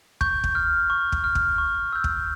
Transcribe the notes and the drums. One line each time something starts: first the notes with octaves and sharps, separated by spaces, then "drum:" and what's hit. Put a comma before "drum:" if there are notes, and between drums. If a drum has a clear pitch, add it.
C#6 G6, drum: kick
drum: kick
F6
C#6
drum: kick
F6
drum: kick
C#6
E6 G6
drum: kick